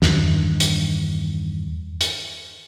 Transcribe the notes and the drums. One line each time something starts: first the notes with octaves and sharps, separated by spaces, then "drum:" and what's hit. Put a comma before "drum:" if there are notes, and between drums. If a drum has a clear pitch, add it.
E2 G2 D#3 D4, drum: snare
drum: hi-hat
drum: hi-hat